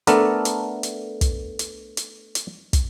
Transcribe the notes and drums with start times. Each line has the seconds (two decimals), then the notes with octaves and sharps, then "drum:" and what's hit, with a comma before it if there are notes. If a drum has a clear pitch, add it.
0.07 A3 B3 D4 A4 A#4, drum: hi-hat
0.45 drum: hi-hat
0.83 drum: hi-hat
1.21 drum: kick, hi-hat
1.59 drum: hi-hat
1.97 drum: hi-hat
2.35 drum: hi-hat
2.73 drum: kick, hi-hat